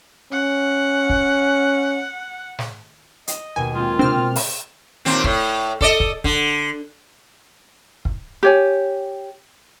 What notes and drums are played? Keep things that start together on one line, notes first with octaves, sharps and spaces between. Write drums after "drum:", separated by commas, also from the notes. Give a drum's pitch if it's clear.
C#4 F#5
drum: kick
drum: snare
D#5, drum: hi-hat
D#2 B2 G#5
G#3 A#3 C4 F4
C3 C4 D4 D6 F6 E7
B2
drum: open hi-hat
D#2 A#2 C4
A2, drum: kick
A4 D5 D#5, drum: kick
drum: kick
D3, drum: kick
drum: kick
G4 C#5 G#5